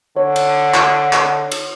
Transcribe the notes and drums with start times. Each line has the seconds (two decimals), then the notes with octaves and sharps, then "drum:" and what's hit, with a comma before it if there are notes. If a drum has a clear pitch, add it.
0.17 D3 C#5
0.36 drum: cymbal
0.74 drum: clap
1.13 drum: clap
1.52 drum: cymbal